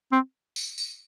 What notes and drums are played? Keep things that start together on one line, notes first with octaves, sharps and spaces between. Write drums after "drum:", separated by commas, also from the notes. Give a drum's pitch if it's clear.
C4
drum: tambourine
drum: tambourine